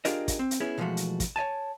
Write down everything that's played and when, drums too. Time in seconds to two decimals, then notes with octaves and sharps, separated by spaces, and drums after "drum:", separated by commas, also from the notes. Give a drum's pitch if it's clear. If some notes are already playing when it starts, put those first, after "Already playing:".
0.05 D4 F4 G4 G#4 A#4 D#5, drum: hi-hat
0.28 drum: kick, hi-hat
0.39 C4
0.51 drum: hi-hat
0.60 B3 C#4 E4 G#4
0.78 B2 E3 F3 G#3 A3 F#4
0.97 drum: hi-hat
1.20 drum: kick, hi-hat
1.36 C#5 D#5 G#5 A5